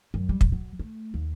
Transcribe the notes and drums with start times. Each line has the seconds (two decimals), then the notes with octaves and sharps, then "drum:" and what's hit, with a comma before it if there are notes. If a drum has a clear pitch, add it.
0.14 F#2
0.29 G3
0.41 drum: kick
0.52 F#3
0.79 A3
1.14 D#2